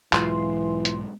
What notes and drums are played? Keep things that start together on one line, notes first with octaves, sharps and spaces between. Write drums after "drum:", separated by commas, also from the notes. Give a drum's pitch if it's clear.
B1 G#2 E3 G#3 F4 C6, drum: clap
drum: hi-hat